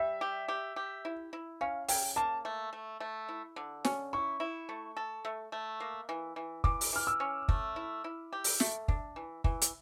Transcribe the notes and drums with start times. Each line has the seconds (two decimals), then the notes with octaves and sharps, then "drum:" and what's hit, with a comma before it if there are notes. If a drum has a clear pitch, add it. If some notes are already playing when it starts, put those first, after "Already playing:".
Already playing: G3 E5
0.21 G4
0.48 G4
0.76 G4
1.05 E4
1.33 E4
1.61 C#4 F5
1.88 C#3 G5, drum: open hi-hat
2.16 A#3 A5
2.45 A3
2.73 A3
3.00 A3
3.29 E4
3.56 D3
3.85 C#4, drum: snare
4.13 E4 C#6
4.40 E4
4.69 A3
4.97 A4
5.25 A3
5.52 A3
5.80 A#3
6.09 E3
6.36 E3
6.64 E3 D6, drum: kick
6.81 drum: open hi-hat
6.93 E3 F6
7.07 E6
7.20 C#4
7.48 A3, drum: kick
7.76 E4
8.04 E4
8.33 G4
8.44 drum: open hi-hat
8.60 A3, drum: snare
8.88 D4, drum: kick
9.16 E3
9.44 E3, drum: kick
9.61 drum: hi-hat